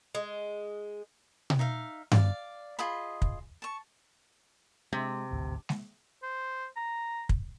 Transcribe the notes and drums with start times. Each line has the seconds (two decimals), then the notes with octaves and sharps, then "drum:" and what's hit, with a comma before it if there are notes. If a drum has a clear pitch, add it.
0.15 G#3
1.50 drum: tom B2
1.59 D#4 E5 F5
2.12 D5 F5, drum: tom G2
2.79 F4 G#4 D#5 B5
3.22 drum: kick
3.62 A5 C#6
4.93 C3 G#3
5.31 D1 G#1 D2
5.69 drum: snare G#3
6.23 C5
6.76 A#5
7.29 drum: kick